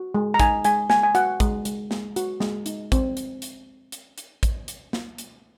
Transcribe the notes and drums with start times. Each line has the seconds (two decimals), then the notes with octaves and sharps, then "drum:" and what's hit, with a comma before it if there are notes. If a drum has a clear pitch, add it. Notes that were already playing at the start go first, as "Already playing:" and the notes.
Already playing: F#4
0.15 G#3
0.34 A#5
0.40 D#4 G#5, drum: kick, hi-hat
0.64 G#3 G#5, drum: hi-hat
0.90 G#3 G#5, drum: snare
1.03 G#5
1.15 F#4 F#5, drum: hi-hat
1.40 G#3, drum: kick, hi-hat
1.65 G#3, drum: hi-hat
1.91 G#3, drum: snare
2.16 F#4, drum: hi-hat
2.41 G#3, drum: snare
2.66 D#4, drum: hi-hat
2.92 C4, drum: kick, hi-hat
3.17 drum: hi-hat
3.42 drum: hi-hat
3.92 drum: hi-hat
4.18 drum: hi-hat
4.43 drum: kick, hi-hat
4.68 drum: hi-hat
4.93 drum: snare
5.18 drum: hi-hat